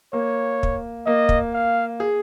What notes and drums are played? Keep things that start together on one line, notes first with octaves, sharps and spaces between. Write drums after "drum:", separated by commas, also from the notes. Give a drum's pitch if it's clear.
A#3 C#5
drum: kick
A#3 D#5
drum: kick
F5
G#4